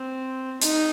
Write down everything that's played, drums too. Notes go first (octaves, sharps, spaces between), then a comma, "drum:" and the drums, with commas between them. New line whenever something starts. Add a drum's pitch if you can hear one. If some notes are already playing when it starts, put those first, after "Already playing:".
Already playing: C4
D#4, drum: hi-hat